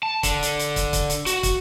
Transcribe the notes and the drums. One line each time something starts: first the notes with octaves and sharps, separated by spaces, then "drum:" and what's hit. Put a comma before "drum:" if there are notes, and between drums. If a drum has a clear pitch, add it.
A5
D3, drum: kick, hi-hat
drum: hi-hat
drum: hi-hat
drum: kick, hi-hat
drum: kick, hi-hat
drum: hi-hat
F#4, drum: hi-hat
drum: kick, hi-hat